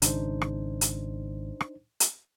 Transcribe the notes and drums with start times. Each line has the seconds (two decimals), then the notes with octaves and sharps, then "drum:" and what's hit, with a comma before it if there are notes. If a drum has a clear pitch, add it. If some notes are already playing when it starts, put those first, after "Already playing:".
0.02 G#1 C#3 D4 D#4 C5, drum: hi-hat
0.42 drum: rim click
0.81 drum: hi-hat
1.61 drum: rim click
2.00 drum: hi-hat